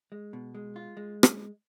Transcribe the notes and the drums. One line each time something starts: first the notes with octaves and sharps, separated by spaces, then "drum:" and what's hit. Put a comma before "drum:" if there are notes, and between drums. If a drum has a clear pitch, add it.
G#3
B2
G#3
F4
G#3
drum: rim click